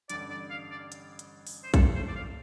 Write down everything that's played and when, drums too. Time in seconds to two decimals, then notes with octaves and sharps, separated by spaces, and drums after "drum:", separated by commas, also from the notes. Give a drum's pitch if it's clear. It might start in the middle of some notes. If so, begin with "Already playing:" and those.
0.10 A1 G2 D3 G3 D4 D5, drum: hi-hat
0.30 D5
0.50 F5
0.70 D5
0.92 drum: hi-hat
1.19 drum: hi-hat
1.47 drum: open hi-hat
1.63 C5
1.74 G2 F3 A3 A4, drum: kick A#1, hi-hat
1.95 C5
2.08 D5
2.16 F5